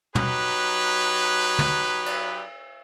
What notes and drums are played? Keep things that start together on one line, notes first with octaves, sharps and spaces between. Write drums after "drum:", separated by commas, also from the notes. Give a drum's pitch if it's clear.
F#3 D#4 G4 B4, drum: tom
drum: tom
drum: cymbal